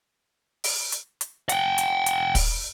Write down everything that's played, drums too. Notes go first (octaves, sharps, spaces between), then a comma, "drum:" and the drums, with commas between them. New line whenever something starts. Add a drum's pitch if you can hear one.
drum: open hi-hat
drum: hi-hat
drum: hi-hat
F#5 G5, drum: hi-hat
drum: hi-hat
drum: hi-hat
drum: kick, open hi-hat